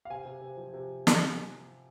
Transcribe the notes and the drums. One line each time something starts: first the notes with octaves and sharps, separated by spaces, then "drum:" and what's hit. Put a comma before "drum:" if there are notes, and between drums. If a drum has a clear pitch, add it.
F5
C3 G#5
C3
C3
F3
C3
drum: snare